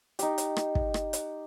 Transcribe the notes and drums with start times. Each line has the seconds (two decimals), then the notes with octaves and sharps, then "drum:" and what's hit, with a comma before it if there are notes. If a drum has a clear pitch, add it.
0.19 D#4 G4, drum: hi-hat
0.38 drum: hi-hat
0.56 drum: rim click
0.75 drum: kick
0.94 drum: rim click
1.13 drum: hi-hat